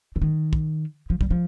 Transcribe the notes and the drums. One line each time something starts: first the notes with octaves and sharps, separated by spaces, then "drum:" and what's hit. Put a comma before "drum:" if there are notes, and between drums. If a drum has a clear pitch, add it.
D3
D#3
drum: kick
F3
G3, drum: kick
F3